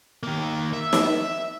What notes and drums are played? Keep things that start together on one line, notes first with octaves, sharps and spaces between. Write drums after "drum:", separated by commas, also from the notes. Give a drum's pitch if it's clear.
D#3 A#3
E5
drum: snare